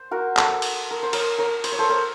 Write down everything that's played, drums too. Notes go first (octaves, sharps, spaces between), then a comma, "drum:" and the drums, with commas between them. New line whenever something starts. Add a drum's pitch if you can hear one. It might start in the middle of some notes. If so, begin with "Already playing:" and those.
Already playing: C5
F#4 A#4
A4 C5, drum: clap
drum: cymbal
A#4
C5
A#4 C#5, drum: cymbal
A#4 C#5
C5, drum: cymbal
C#5
A4 C5
A#4 C#5